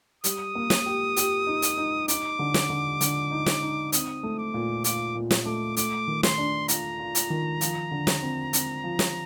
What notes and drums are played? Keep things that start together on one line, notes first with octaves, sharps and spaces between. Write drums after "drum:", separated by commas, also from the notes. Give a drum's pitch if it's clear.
G3 D#6, drum: hi-hat
A#3
drum: snare
G4
G4, drum: hi-hat
D#4
drum: hi-hat
D#4
D#4 D6, drum: hi-hat
D3
drum: snare
D3
D3, drum: hi-hat
D#4
drum: snare
D#4
C4 D#6, drum: hi-hat
A3
D6
A#2
F4 D6, drum: hi-hat
A#2
drum: snare
A3 D6
A3 D6, drum: hi-hat
D#3
C6, drum: snare
D4
F4 A#5, drum: hi-hat
F4
drum: hi-hat
D#3
F3, drum: hi-hat
D3
drum: snare
C4
C4, drum: hi-hat
F3
drum: snare